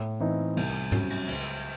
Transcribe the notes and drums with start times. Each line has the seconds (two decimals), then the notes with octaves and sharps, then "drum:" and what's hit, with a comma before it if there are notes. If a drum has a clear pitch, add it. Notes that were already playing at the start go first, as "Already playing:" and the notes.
Already playing: A2
0.20 E3 C4 D#4
0.57 C2, drum: cymbal
0.92 C3 F#3 C#4, drum: tom
1.10 drum: cymbal
1.28 C#2, drum: cymbal